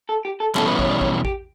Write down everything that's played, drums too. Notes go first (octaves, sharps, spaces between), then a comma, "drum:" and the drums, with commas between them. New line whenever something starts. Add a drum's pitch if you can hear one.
A4
G4
A4
E2 B2 G3 C#4 E4 A4, drum: clap
B4
C#5, drum: kick
D5
C#5, drum: kick
G4, drum: kick